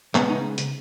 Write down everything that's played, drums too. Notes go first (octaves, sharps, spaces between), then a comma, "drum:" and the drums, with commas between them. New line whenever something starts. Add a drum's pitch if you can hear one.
C#3 G#3 B3, drum: clap
D#4
drum: hi-hat